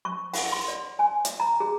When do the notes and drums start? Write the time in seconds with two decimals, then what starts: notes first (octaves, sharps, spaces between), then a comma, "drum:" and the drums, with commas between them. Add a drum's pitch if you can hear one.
0.05 C#6
0.33 F#5, drum: open hi-hat
0.52 C6
0.68 D5
0.99 G#5
1.25 drum: hi-hat
1.40 A#5
1.60 G#4